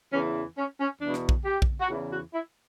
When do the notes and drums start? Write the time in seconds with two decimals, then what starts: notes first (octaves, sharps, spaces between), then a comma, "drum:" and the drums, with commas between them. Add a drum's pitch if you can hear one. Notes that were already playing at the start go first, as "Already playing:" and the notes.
0.13 E2 C#3 E3 C#4
0.57 C#4
0.80 C#4
1.01 E2 B2 D4
1.14 drum: rim click
1.29 drum: kick A#1
1.45 G4
1.62 drum: kick A#1
1.81 F#4
1.90 E2 C#3 E3 E4
2.13 F#4
2.34 E4